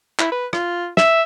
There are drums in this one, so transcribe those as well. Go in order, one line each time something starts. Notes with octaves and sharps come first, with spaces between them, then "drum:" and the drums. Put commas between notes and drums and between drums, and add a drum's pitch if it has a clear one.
E4, drum: clap
B4
F4, drum: rim click
E5, drum: snare